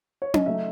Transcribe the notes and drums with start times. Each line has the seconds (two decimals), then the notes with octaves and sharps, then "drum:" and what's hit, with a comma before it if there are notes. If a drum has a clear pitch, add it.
0.22 C#5
0.34 D#5, drum: tom C#4
0.46 C#3 F#3 A3 D#4 E5